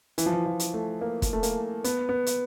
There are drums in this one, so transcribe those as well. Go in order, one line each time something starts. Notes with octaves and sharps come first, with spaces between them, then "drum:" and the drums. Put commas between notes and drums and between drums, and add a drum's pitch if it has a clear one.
E3, drum: hi-hat
F3
E3
F3
drum: hi-hat
A3
A#3
drum: kick, hi-hat
A3
A#3, drum: hi-hat
B3, drum: hi-hat
B3
drum: hi-hat